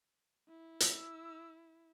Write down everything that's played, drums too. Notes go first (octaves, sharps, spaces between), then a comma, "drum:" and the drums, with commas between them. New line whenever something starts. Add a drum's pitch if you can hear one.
E4
E6, drum: hi-hat